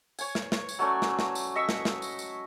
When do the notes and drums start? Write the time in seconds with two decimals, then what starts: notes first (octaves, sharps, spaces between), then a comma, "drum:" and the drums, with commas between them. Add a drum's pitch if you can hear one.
0.19 C#5 G#5, drum: tambourine
0.35 drum: snare
0.52 drum: snare
0.69 drum: tambourine
0.79 F#3 A3 C#4 D5
1.02 drum: snare
1.19 drum: snare
1.35 drum: tambourine
1.55 D#5 E5 C#6 E6
1.69 drum: snare
1.85 drum: snare
2.02 drum: tambourine
2.19 drum: tambourine